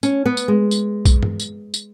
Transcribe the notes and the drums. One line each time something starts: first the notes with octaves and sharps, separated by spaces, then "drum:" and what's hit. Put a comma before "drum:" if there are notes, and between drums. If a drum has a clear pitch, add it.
C#4, drum: tambourine
B3
drum: tambourine
G#3
drum: tambourine
drum: kick B1, tambourine
drum: tom
drum: tambourine
drum: tambourine